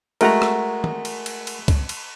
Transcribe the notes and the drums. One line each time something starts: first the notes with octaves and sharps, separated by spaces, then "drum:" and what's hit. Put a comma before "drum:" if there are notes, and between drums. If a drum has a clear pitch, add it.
G#3 A3 F#4 A#4 F#5 A#5, drum: cymbal
drum: rim click
drum: tom
drum: cymbal
drum: cymbal
drum: cymbal
drum: kick, cymbal
drum: cymbal